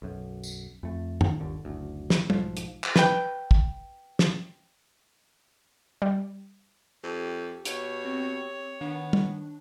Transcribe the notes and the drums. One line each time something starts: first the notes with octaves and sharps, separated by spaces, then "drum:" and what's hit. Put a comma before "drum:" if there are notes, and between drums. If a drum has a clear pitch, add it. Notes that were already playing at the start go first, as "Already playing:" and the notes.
B1 F#2
drum: tambourine
F2 A3
drum: tom F#2
G1 D#2 D3
F#1 D2
drum: snare
B1 G#2 F3, drum: tom
drum: hi-hat
drum: clap
B4 G5, drum: snare
drum: kick
drum: snare
G3
F2 G4
B2 C#5, drum: hi-hat
C4
D#3 B3 D4
drum: tom